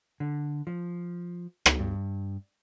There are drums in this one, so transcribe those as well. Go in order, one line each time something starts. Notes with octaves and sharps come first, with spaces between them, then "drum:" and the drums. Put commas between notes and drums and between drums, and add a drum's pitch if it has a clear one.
D3
F3
drum: rim click
G2